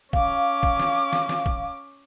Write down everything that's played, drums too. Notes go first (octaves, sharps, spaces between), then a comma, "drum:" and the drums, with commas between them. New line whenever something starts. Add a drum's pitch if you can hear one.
C#4 F5 D6, drum: kick
drum: kick
drum: snare
drum: snare
drum: snare
drum: kick